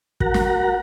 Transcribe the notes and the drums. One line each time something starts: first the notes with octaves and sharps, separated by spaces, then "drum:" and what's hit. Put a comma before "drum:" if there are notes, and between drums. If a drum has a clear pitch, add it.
F#4 A#4 F#5 A#5, drum: kick
drum: snare